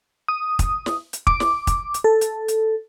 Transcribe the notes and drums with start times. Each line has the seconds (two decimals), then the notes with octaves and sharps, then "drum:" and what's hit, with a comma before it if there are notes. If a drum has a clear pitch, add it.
0.28 D#6
0.59 drum: kick, hi-hat
0.86 drum: snare
1.13 drum: hi-hat
1.27 D6, drum: kick
1.40 drum: snare
1.67 drum: kick, hi-hat
1.94 drum: hi-hat
2.04 A4
2.21 drum: hi-hat
2.48 drum: hi-hat